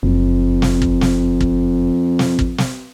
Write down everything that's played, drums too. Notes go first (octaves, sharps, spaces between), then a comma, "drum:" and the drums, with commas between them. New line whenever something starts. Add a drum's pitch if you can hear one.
F#1 F2
drum: snare
drum: kick
drum: snare
drum: kick
drum: snare
drum: kick
drum: snare